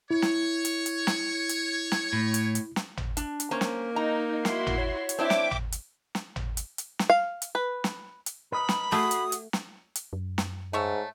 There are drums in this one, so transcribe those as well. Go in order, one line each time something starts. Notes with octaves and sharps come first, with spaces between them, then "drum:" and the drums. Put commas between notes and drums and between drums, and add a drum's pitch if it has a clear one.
E4 C#5
drum: snare
drum: hi-hat
drum: hi-hat
drum: snare
drum: hi-hat
drum: snare
A2
drum: hi-hat
drum: hi-hat
drum: snare
drum: tom
D4, drum: hi-hat
drum: hi-hat
A#3 C#4 C5 A#5
drum: snare
D#4 A#5
E4 F#4 C6, drum: snare
drum: tom
C#5
drum: hi-hat
C4 D4 E4 E5 G5 D6
drum: snare
drum: tom
drum: hi-hat
drum: snare
drum: tom
drum: hi-hat
drum: hi-hat
drum: snare
F5
drum: hi-hat
B4
drum: snare
drum: hi-hat
A#4 B4 D#5 B5
drum: snare
A3 F#4 D#6
drum: hi-hat
drum: hi-hat
drum: snare
drum: hi-hat
F#2
drum: snare
G#2 A3 C#5 E5